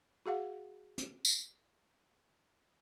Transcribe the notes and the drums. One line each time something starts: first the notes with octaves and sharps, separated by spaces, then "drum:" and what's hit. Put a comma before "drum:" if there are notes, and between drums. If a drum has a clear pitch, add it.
F#4 G#4 F5 F#5
drum: hi-hat
drum: tambourine